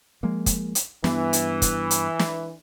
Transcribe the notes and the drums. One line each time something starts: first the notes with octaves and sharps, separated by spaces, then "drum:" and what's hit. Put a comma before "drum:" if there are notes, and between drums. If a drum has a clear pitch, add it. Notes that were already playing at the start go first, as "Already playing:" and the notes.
F3 G#3 A#3
drum: kick, hi-hat
drum: hi-hat
G2 E3 B3, drum: snare
drum: hi-hat
drum: kick, hi-hat
drum: hi-hat
drum: snare